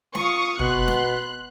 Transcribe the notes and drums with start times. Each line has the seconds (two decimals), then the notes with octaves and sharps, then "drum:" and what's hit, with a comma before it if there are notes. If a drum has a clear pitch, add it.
0.15 F4 F5 C#6 D#6, drum: snare
0.59 B2 B3 C6 F#6, drum: tom
0.88 drum: snare